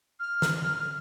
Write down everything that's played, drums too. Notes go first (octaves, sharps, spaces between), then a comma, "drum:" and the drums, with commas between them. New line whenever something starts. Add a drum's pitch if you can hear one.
F6
drum: snare